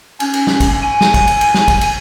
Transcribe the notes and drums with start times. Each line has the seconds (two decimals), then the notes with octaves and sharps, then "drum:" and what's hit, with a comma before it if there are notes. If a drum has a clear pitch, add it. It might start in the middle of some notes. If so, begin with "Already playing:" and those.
0.20 C#4, drum: cymbal
0.34 drum: cymbal
0.47 drum: snare
0.60 drum: kick, cymbal
0.82 G#5
1.01 drum: snare
1.14 drum: kick, cymbal
1.28 drum: cymbal
1.41 drum: cymbal
1.54 drum: snare
1.68 drum: kick, cymbal
1.81 drum: cymbal